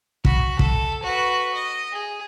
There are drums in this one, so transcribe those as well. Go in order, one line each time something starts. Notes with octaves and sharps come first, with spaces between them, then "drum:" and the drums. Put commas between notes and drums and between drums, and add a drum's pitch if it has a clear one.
F#4 B5, drum: kick
A4, drum: kick
F#4 B4
D#5
G#4